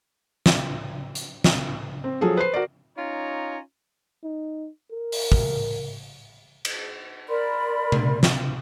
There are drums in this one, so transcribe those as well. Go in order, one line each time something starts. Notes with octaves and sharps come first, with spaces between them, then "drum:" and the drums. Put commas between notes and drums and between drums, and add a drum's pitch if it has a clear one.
drum: snare
drum: hi-hat
drum: snare
C4
F3 F#3 G#4 A4
B4 C5 C7
F#4 A#4 D5
C#4 D#4 F4 C#5 A#5
D#4
A#4
drum: open hi-hat
drum: kick
drum: cymbal
A#4 D5 B5 C6
drum: tom C3
drum: snare